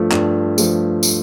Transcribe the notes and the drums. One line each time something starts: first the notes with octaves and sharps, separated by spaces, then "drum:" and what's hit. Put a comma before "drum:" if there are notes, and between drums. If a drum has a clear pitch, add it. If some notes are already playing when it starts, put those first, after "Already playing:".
Already playing: G2 F3 A3
G2, drum: clap
F3 A3, drum: tambourine
drum: tambourine